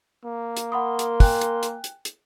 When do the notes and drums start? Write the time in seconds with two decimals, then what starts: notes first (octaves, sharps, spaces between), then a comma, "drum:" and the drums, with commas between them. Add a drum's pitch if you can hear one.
0.25 A#3
0.57 drum: hi-hat
0.72 A#4 F#5 B5 C6 D#6
0.99 drum: hi-hat
1.20 G5 G#5 F#6, drum: kick, open hi-hat
1.41 drum: hi-hat
1.63 drum: hi-hat
1.84 drum: hi-hat
2.05 drum: hi-hat